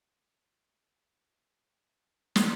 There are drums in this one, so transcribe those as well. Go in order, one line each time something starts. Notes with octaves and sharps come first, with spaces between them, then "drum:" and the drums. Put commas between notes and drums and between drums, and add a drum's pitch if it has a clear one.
D4
C4
A3
drum: snare